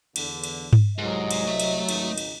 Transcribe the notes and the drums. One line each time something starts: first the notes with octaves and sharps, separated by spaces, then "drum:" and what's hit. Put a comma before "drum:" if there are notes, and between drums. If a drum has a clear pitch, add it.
E2 D3, drum: cymbal
drum: cymbal
drum: tom G#2
C2 G#2 F#3 D#5
drum: cymbal
A3 E5
drum: cymbal
G#1 C#2 D#4, drum: cymbal
drum: cymbal